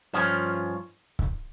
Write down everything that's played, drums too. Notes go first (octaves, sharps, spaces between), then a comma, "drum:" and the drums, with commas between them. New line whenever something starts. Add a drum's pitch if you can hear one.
G2 F3 C#4 F4, drum: hi-hat
drum: kick C#1